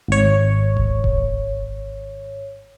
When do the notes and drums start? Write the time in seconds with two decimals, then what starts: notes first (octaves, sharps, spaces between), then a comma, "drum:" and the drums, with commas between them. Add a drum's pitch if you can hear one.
0.08 G#1 C#5
0.77 drum: kick E1
1.04 drum: kick E1